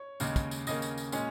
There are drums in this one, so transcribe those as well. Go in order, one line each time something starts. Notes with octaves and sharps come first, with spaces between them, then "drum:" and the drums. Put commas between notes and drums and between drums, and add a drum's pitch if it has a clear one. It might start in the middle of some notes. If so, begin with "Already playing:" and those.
Already playing: C#5
D#2 C#3 G#3 C#4, drum: tambourine
drum: kick, tambourine
drum: tambourine
D#2 C#3 A#3 C#4 D#5, drum: tambourine
drum: tambourine
drum: tambourine
A#2 G#3 C#4, drum: tambourine